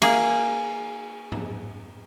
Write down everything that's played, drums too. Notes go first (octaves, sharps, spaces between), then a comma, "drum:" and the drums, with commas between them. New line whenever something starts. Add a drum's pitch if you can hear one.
A#3 G#4, drum: cymbal
drum: tom G#2